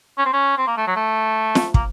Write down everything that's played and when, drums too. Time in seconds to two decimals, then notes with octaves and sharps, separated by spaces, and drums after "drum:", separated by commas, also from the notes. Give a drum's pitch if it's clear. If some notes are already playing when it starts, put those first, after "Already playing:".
0.18 C#4
0.25 C4
0.33 C#4
0.57 C4
0.67 A#3
0.77 A3
0.87 F#3
0.96 A3
1.55 drum: snare
1.74 A#3, drum: kick